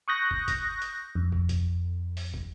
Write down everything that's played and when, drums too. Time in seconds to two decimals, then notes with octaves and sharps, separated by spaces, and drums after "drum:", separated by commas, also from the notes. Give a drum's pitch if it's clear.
0.08 C#6 D#6 F#6 G6 A#6
0.31 drum: kick
0.48 drum: kick, hi-hat
0.82 drum: hi-hat
1.15 F2
1.32 drum: kick
1.49 drum: kick, hi-hat
2.17 drum: open hi-hat
2.34 drum: kick